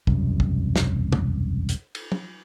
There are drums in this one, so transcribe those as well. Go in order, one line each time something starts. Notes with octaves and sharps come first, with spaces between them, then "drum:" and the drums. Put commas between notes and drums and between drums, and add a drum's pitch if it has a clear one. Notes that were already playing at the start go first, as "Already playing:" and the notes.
E1 C2 F#2, drum: kick
drum: kick
drum: snare
drum: tom
drum: hi-hat
drum: cymbal
drum: tom